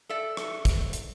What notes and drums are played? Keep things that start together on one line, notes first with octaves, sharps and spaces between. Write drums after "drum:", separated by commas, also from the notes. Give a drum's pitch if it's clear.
A4 D5 E5
drum: rim click
drum: kick, hi-hat
drum: hi-hat